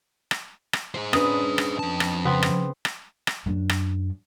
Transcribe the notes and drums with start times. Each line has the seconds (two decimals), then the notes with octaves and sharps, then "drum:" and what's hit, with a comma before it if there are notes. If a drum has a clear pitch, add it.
0.31 drum: rim click
0.73 drum: rim click
0.94 G#4 C5
1.13 C#4 D4 B4 D#6, drum: rim click
1.58 drum: rim click
1.79 F2 A5
2.00 drum: rim click
2.25 C#3 B3 C4
2.43 drum: rim click
2.85 drum: rim click
3.27 drum: rim click
3.46 F#2 D4
3.69 drum: rim click